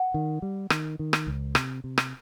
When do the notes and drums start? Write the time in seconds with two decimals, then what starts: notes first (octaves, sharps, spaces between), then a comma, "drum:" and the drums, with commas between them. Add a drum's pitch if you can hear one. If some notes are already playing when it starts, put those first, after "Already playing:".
Already playing: F#5
0.14 D#3
0.42 G3
0.70 D#3, drum: rim click
0.99 D#3
1.13 drum: rim click
1.27 C#2
1.55 C3, drum: rim click
1.84 C3
1.98 drum: rim click